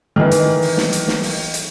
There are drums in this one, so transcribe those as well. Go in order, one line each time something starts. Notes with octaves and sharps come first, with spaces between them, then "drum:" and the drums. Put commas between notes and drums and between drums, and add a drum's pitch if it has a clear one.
D#3 E3
drum: hi-hat
drum: open hi-hat
drum: snare
drum: hi-hat
drum: snare
drum: open hi-hat
drum: hi-hat